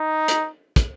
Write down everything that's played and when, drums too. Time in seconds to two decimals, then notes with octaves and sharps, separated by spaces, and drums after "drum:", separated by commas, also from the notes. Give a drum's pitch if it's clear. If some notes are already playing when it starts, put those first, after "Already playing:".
Already playing: D#4
0.28 drum: hi-hat
0.76 drum: kick, hi-hat